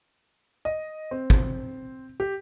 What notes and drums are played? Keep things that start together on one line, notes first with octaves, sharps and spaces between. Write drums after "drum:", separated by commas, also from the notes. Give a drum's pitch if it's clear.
D#5
C4
drum: kick
G4